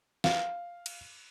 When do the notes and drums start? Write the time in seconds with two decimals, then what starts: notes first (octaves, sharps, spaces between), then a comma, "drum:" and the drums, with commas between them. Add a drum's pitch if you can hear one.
0.24 F5, drum: snare
0.86 drum: cymbal